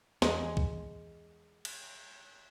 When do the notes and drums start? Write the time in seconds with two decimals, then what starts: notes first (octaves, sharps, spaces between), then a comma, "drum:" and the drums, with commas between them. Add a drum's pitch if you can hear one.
0.22 E2 G#3, drum: snare
0.57 drum: kick C2
1.65 drum: cymbal